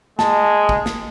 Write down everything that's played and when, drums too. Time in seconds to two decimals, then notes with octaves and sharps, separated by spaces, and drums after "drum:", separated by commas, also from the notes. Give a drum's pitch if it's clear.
0.19 G#3 A5, drum: snare
0.69 drum: kick
0.86 drum: snare